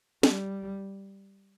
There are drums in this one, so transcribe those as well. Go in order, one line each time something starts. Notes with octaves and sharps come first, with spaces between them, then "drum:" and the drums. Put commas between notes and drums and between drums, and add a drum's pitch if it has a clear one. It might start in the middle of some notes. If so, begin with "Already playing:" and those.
G3, drum: snare